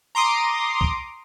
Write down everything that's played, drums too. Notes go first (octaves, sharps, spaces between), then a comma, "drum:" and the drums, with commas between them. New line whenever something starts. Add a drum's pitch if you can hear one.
A#5 C6 D6 D#6
drum: kick B1